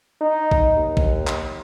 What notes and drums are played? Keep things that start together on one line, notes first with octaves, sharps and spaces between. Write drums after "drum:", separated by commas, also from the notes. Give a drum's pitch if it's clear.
D#4
drum: kick A#1
D#2
drum: kick A#1
drum: clap